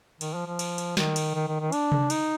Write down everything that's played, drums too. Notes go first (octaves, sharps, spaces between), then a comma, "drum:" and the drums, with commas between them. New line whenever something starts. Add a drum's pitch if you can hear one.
D#3, drum: cymbal
F3
F3
drum: cymbal
drum: cymbal
D#3, drum: snare
drum: cymbal
D#3
D#3
D#3
D4, drum: cymbal
drum: tom C3
D#4, drum: cymbal